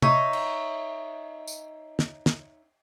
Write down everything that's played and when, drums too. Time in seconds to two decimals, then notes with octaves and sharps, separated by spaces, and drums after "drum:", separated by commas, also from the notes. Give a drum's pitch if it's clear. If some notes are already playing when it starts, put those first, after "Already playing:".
0.02 D#4 C#5 E5, drum: tom C3
0.33 drum: cymbal
1.47 drum: tambourine
1.99 drum: snare
2.26 drum: snare